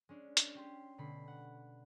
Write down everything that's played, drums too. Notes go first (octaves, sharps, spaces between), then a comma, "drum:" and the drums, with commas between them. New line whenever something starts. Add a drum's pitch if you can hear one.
G#3 C#4 D4
drum: hi-hat
C#4 G4 C6
B2 D3 A3 B5 C7
F#5